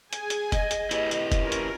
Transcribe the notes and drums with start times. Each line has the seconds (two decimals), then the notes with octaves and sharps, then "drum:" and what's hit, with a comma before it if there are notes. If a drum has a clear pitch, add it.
0.13 G#4 G#5, drum: hi-hat
0.30 drum: hi-hat
0.52 D#5, drum: kick F1, hi-hat
0.71 drum: hi-hat
0.91 E4 G4 B4, drum: hi-hat
1.11 drum: hi-hat
1.32 drum: kick F1, hi-hat
1.42 C#4 F4 A#4
1.52 drum: hi-hat